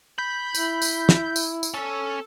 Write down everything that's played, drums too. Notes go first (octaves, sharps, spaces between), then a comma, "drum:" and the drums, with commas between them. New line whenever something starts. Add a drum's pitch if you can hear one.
B5 G6
E4, drum: tambourine
drum: tambourine
drum: snare
drum: tambourine
drum: tambourine
C#4 A4